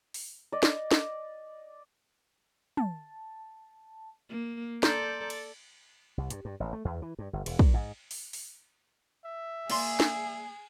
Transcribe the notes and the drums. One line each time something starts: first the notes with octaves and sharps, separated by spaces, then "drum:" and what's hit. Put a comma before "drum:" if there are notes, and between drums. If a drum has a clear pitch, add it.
drum: open hi-hat
D5 D#5
drum: snare
drum: snare
A5, drum: tom
A#3
A4 D5 A#5 C6 G6, drum: snare
drum: cymbal
C2
G2, drum: hi-hat
G2
A1
A3
E2
E3
G2
G1
E1, drum: cymbal
A#2, drum: kick
G#2
drum: open hi-hat
drum: open hi-hat
E5
A#3 G#4 D5 C6, drum: cymbal
drum: snare